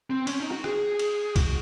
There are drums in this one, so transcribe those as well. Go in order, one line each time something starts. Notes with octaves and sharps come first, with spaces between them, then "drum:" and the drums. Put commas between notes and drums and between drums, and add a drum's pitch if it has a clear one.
C4
C#4, drum: cymbal
D#4
F#4
G#4, drum: rim click
drum: cymbal
F#4, drum: kick, cymbal